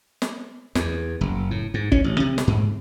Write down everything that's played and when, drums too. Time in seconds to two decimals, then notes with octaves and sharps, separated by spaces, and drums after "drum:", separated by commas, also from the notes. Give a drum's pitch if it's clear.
0.22 drum: snare
0.75 E2, drum: snare
1.21 F#1
1.51 A2
1.74 G#2
1.92 C#4, drum: kick
2.04 A1
2.20 C3
2.38 drum: snare
2.47 G#2